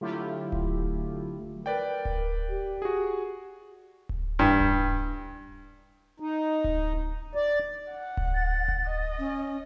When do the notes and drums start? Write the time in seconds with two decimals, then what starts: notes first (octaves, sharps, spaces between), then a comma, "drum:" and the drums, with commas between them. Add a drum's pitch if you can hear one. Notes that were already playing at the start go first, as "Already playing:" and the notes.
0.01 D3 F#3 A3 E4 F4 G4
0.52 drum: kick D1
1.53 F#3
1.66 A#4 B4 D5 G5
2.05 drum: kick D1
2.49 G4
2.82 F#4 G#4
4.09 drum: kick D1
4.39 G2
4.60 drum: kick D1
6.20 D#4
6.64 drum: kick D1
7.35 D5
7.91 F#5
8.17 drum: kick D1
8.35 A6
8.68 drum: kick D1
8.85 D#5
9.19 C#4